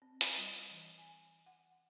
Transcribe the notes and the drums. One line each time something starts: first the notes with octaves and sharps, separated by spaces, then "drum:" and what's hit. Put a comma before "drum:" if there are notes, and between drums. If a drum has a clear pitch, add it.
C4
drum: hi-hat
G3
E3
G#5
F#5